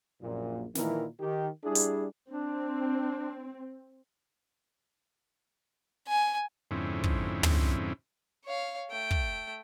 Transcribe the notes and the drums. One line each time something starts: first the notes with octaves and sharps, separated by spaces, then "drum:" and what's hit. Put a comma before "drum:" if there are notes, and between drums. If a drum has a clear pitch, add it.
A#1 F#2 A#2
A#2 D#3 E3 E4 A#4, drum: snare
D#3 G4
G3 D4 E4 G#4
drum: hi-hat
C4 D4
G#5
F2 G#2 D3 C4 C#4 E4
drum: kick
drum: tom
C#5 F5
A3 G5
drum: kick